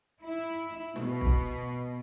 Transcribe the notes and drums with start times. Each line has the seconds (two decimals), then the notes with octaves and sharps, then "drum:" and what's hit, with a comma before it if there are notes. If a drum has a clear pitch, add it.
0.22 E4
0.96 B2, drum: snare
1.21 drum: kick